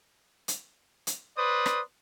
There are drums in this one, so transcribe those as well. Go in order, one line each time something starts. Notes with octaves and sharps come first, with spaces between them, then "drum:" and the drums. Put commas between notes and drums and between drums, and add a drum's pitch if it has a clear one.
drum: hi-hat
drum: hi-hat
B4 C5 D5 D#6
drum: rim click